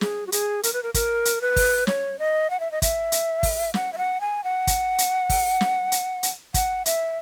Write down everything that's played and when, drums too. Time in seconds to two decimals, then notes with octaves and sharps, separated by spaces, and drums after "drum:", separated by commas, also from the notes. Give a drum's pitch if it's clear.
0.01 G#4, drum: snare
0.27 F#4
0.32 G#4, drum: hi-hat
0.63 A#4, drum: hi-hat
0.73 B4
0.83 A#4
0.94 A#4, drum: kick, hi-hat
1.25 drum: hi-hat
1.41 B4
1.56 drum: kick, open hi-hat
1.87 C#5, drum: snare
2.19 D#5
2.50 F#5
2.60 E5
2.72 D#5
2.82 E5, drum: kick, hi-hat
3.12 drum: hi-hat
3.43 drum: kick, open hi-hat
3.74 F#5, drum: snare
3.93 E5
3.98 F#5
4.21 G#5
4.44 F#5
4.67 drum: kick, hi-hat
4.98 drum: hi-hat
5.30 drum: kick, open hi-hat
5.61 drum: snare
5.92 drum: hi-hat
6.23 drum: hi-hat
6.54 F#5, drum: kick, hi-hat
6.86 E5, drum: hi-hat